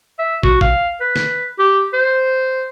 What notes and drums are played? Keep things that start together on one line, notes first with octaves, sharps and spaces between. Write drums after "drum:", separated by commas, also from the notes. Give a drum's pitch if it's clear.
E5
F#4, drum: kick
F5, drum: kick
B4
drum: snare
G4
C5